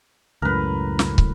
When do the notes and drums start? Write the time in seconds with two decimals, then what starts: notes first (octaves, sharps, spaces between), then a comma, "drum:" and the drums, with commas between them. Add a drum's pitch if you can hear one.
0.42 C#2 F#2 A2 A#4 B4
0.99 drum: snare
1.18 drum: kick